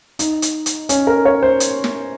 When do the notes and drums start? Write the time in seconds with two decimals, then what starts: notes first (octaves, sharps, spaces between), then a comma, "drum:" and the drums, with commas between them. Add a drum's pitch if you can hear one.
0.19 D#4, drum: hi-hat
0.42 drum: hi-hat
0.66 drum: hi-hat
0.89 C#4, drum: hi-hat
1.07 A#4
1.25 C#5
1.43 C5
1.60 drum: hi-hat
1.84 drum: snare